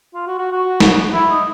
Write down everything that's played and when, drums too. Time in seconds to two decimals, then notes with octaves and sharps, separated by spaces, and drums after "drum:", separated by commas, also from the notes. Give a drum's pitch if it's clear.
0.14 F4
0.27 F#4
0.39 F#4
0.51 F#4
0.80 drum: snare
1.13 E4
1.31 D#4